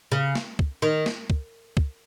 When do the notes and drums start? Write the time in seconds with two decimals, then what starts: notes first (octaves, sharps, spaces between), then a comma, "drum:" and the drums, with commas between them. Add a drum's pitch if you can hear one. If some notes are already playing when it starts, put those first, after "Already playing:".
0.12 C#3
0.35 drum: snare
0.59 drum: kick
0.82 D#3
1.06 drum: snare
1.30 drum: kick
1.77 drum: kick